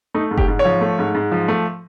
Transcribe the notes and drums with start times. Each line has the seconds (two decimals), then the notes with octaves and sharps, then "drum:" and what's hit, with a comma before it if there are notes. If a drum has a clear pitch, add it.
0.14 A3 D#4
0.31 G#2
0.37 G4, drum: kick F#1
0.48 G#2
0.59 C#5
0.65 F3
0.81 A3
0.99 G#2
1.15 G#2
1.32 F3
1.48 A3